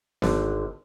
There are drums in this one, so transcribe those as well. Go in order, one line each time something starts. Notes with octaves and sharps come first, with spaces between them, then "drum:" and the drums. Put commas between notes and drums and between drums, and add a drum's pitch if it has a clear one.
G#1 D3, drum: snare B3